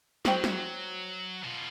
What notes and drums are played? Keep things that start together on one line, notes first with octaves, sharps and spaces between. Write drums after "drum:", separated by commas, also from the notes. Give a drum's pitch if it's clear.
F#3 F#4 C5 G5, drum: snare
drum: snare
B2 F4